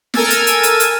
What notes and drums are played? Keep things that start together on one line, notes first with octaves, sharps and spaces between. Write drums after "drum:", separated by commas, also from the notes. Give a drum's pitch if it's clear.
A4 A#4 G#5 E6 G#6 A6, drum: snare
drum: hi-hat
drum: hi-hat
drum: hi-hat
drum: hi-hat